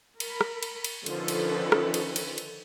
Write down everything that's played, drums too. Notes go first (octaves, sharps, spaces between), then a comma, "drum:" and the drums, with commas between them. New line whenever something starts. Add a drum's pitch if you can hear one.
A#4 B5, drum: cymbal
drum: rim click
drum: cymbal
drum: cymbal
D3 D#3 F3 C#4 A4 B4, drum: cymbal
drum: cymbal
drum: rim click
drum: cymbal
drum: cymbal
drum: cymbal